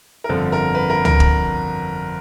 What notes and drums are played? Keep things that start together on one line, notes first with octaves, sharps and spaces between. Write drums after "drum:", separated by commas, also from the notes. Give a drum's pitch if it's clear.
A#4
G1 F2 D3 F3 A4
A#4
B4
A#4
A#4, drum: tom C#2
drum: kick